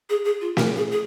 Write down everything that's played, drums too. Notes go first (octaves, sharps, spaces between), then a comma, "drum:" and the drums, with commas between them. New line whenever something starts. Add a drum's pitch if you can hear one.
G#4
G#4
F4
A#4, drum: snare
G#4
G#4